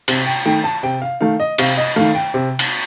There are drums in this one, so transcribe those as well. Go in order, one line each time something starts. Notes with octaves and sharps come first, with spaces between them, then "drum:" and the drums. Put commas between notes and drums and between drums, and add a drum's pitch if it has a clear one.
C3, drum: cymbal
G5
D#3 A3 G5
A5
C3 G5
F5
D#3 A3 F5
D#5
C3 F5, drum: cymbal
D#5
D#3 A3 F5
G5
C3
drum: cymbal